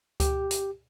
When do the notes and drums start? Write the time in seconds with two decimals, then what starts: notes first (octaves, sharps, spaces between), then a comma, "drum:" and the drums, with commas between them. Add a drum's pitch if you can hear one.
0.20 G4, drum: kick C#2, hi-hat
0.51 drum: hi-hat